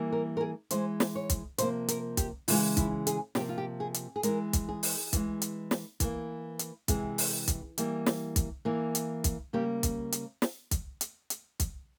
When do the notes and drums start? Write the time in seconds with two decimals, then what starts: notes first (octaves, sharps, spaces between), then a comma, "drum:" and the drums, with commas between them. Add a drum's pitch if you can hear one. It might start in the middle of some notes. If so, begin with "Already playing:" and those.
Already playing: E3 G3 A#3
0.12 A#4
0.37 A#4
0.41 G#4
0.71 E3 G#3 C5, drum: hi-hat
1.00 drum: snare
1.15 C#5
1.30 drum: kick, hi-hat
1.58 C3 F3 A#3 C5, drum: hi-hat
1.88 A#4, drum: hi-hat
2.17 G4, drum: kick, hi-hat
2.48 C#3 E3 G#3 F4, drum: open hi-hat
2.77 E4, drum: kick, hi-hat
3.07 G#4, drum: hi-hat
3.35 C3 F3 A#3 G4, drum: snare
3.49 F4
3.58 G4
3.80 G#4
3.94 drum: hi-hat
4.16 G#4
4.23 E3 G#3 A#4, drum: hi-hat
4.53 drum: kick, hi-hat
4.69 G#4
4.83 drum: open hi-hat
5.13 E3 G#3, drum: kick, hi-hat
5.42 drum: hi-hat
5.71 drum: snare
6.00 E3 G3 A#3, drum: kick, hi-hat
6.59 drum: hi-hat
6.88 C3 E3 G#3 G#4, drum: kick, hi-hat
7.18 drum: open hi-hat
7.48 drum: kick, hi-hat
7.78 E3 G3 A#3, drum: hi-hat
8.06 drum: snare
8.36 drum: kick, hi-hat
8.65 E3 A#3
8.95 drum: hi-hat
9.24 drum: kick, hi-hat
9.53 C#3 G3 A#3 G4
9.83 drum: kick, hi-hat
10.12 drum: hi-hat
10.42 drum: snare
10.71 drum: kick, hi-hat
11.01 drum: hi-hat
11.30 drum: hi-hat
11.60 drum: kick, hi-hat